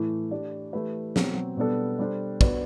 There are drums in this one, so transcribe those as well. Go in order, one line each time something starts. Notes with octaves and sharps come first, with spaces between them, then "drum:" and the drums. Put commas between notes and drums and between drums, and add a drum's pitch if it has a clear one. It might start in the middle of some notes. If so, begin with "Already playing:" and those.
Already playing: A2 E3 A3
A3 D4 G4 D5
E3 A3 E4 G4 B4
B2 F#3 C4 F#4, drum: snare
B2 G3 B3 D4 A4
G3 D4 A4 C5
B3 D4 F#4 B4 D5, drum: kick